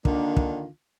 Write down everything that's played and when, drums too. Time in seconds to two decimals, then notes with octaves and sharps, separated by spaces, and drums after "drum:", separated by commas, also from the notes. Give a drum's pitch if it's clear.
0.05 D3 D#3 A#3 D4 F4, drum: kick
0.37 drum: kick